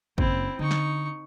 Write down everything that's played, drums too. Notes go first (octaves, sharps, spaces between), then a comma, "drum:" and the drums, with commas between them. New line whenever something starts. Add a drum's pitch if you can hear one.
F#1 C4 E4, drum: kick G#1
D3 D#4 C#6
drum: snare